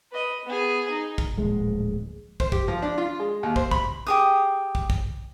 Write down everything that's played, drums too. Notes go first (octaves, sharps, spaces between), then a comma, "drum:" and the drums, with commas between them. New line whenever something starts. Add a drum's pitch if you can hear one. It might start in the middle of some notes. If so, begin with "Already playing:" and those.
B4 D#5
B3 G#4
D#4
drum: kick
D1 A#1 G#3
C5, drum: kick
G4, drum: kick
F3
D4
F4
G#3
D#2
C5, drum: kick
B5, drum: kick
G4 G#4 D#6
drum: kick
drum: kick